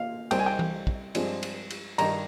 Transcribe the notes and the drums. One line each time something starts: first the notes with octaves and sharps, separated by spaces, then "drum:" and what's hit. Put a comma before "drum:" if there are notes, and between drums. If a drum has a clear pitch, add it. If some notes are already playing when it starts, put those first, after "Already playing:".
Already playing: A#2 F5
C2 C3 G3 C4 G5, drum: cymbal
G#5
G5
drum: tom E3
drum: kick
G2 F3 G#3 C4, drum: cymbal
drum: cymbal
drum: cymbal
G2 D#3 G3 A#5, drum: cymbal